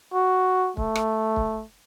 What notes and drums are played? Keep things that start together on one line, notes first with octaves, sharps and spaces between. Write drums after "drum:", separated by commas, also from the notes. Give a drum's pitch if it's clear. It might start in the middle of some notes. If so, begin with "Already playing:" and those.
F#4
A3, drum: kick
drum: rim click
drum: kick